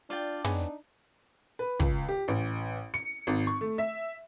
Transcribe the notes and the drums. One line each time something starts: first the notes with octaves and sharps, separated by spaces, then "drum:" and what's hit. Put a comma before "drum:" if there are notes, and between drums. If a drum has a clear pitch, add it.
D4 F4 D5 G5
G#3 B3 C#4 D#4, drum: tom
B4
C#2, drum: kick
G4
A1
C#7
G#1
C#6
A3
E5